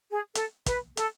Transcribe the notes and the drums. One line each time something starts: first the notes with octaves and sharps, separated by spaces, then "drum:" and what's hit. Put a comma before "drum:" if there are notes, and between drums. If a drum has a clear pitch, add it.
G#4
A4, drum: hi-hat
B4, drum: kick, hi-hat
A4, drum: hi-hat